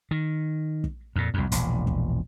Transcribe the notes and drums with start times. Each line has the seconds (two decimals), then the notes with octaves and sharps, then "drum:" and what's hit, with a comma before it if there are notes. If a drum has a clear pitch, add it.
0.11 D#3
0.84 drum: kick
1.16 F2 A#2
1.34 C2 F2
1.52 E1 A#1, drum: hi-hat
1.87 drum: kick